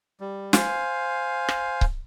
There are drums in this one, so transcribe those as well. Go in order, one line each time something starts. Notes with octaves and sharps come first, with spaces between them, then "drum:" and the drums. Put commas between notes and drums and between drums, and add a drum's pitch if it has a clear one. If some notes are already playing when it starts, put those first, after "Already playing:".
G3
C5 F5 G#5, drum: snare
drum: rim click
drum: kick C#1